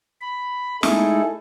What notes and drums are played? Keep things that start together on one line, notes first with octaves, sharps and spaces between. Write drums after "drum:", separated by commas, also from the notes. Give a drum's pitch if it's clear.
B5
G#3 A3 D#4 E4 G#4 A4, drum: snare